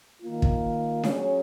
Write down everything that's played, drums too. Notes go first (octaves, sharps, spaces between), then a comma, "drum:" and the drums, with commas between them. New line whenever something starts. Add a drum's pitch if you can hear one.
D#3 A#3 F4
drum: kick
F#3 C#4 G#4 C#5, drum: snare D4